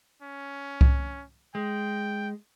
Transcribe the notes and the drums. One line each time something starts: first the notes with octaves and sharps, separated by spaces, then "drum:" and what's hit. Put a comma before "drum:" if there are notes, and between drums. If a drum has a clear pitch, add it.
C#4
drum: kick C2
G#3 G5